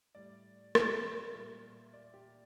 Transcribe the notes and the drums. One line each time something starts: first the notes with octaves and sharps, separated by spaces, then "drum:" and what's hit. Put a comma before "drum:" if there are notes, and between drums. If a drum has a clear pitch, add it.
A2 G3 D5
E5, drum: rim click
A#2 G3
D5
G4